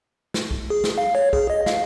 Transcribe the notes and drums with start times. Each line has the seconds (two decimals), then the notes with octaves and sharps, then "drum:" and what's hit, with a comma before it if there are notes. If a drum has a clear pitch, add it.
0.34 drum: snare
0.51 drum: kick
0.70 G#4
0.84 drum: snare
0.98 F5
1.15 C#5
1.33 G#4, drum: kick
1.50 D#5
1.66 F5, drum: snare